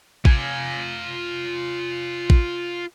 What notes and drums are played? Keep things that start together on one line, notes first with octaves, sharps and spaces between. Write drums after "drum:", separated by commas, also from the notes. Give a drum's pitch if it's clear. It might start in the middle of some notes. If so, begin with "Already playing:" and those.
F4 G#5, drum: kick A1
drum: kick A1